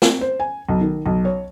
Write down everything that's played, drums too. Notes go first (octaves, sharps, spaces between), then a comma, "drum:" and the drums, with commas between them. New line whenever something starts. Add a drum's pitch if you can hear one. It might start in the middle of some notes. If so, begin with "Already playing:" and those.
C4, drum: snare
C5
G#5
B1
D#3
B1
C#5